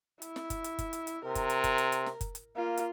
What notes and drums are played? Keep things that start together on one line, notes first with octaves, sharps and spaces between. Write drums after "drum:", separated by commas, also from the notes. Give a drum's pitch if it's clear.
E4, drum: hi-hat
drum: snare
drum: kick F#1, hi-hat
drum: hi-hat
drum: kick F#1, hi-hat
drum: hi-hat
drum: hi-hat
C3 A#4
drum: kick F#1, hi-hat
drum: hi-hat
drum: kick F#1, hi-hat
drum: hi-hat
drum: hi-hat
drum: snare
drum: kick F#1, hi-hat
drum: hi-hat
A#3 F4
drum: hi-hat